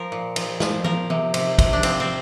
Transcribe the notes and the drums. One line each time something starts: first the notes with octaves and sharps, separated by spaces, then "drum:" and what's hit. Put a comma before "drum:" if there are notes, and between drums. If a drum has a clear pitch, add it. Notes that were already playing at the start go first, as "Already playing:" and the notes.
Already playing: F3 A#4
A#2
F3, drum: cymbal
F3, drum: snare
F3 A#4, drum: tom E3
C3, drum: tom E3
C3, drum: cymbal
C3, drum: kick, cymbal
D4
F3 C4, drum: cymbal
C4